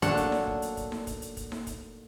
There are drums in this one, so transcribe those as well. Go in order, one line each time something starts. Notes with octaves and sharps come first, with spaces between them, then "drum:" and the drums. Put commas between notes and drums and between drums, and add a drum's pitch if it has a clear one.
A#2 F#3 A3 D4 F#5, drum: hi-hat
drum: kick, hi-hat
drum: snare D#4
drum: kick
drum: hi-hat
drum: kick, hi-hat
drum: snare D#4
drum: kick, hi-hat
drum: hi-hat
drum: kick, hi-hat
drum: snare D#4
drum: kick, hi-hat